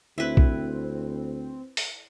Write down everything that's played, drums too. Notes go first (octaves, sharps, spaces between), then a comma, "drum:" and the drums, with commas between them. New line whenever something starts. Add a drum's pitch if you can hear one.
D2 C4 E4 B4
drum: kick
drum: open hi-hat